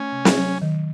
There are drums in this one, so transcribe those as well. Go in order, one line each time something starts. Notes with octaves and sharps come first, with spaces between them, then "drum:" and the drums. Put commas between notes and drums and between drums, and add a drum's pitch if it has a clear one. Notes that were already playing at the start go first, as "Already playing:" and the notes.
Already playing: A3 C#4
C3
drum: snare
F#3
D#3